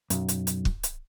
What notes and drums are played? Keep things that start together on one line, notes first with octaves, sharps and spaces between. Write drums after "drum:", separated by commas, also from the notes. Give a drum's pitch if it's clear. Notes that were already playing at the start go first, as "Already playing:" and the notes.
B1 F#2, drum: hi-hat
drum: hi-hat
drum: hi-hat
drum: kick
drum: hi-hat